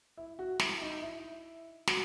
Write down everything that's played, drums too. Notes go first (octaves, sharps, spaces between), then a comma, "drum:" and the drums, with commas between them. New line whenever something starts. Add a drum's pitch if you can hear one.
E4
F#4
E4, drum: snare
D#4
E4
F#4, drum: snare